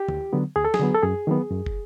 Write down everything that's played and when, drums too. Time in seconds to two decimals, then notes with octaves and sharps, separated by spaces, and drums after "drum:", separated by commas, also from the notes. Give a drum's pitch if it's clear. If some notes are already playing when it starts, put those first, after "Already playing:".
Already playing: G4
0.08 D2, drum: tom
0.33 D3 F#3 B3
0.56 D2 G#4
0.65 A4
0.74 G#4, drum: snare
0.79 D3 F#3 B3
0.94 A4
1.03 F#2 G#4
1.27 D#3 F#3 B3
1.51 F#2
1.66 drum: kick